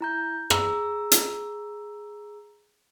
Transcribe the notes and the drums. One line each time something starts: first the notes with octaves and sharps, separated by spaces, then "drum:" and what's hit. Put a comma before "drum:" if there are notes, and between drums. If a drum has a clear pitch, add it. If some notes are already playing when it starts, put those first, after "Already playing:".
E4 A#5 G6
G#4 A#5 E6, drum: rim click
drum: hi-hat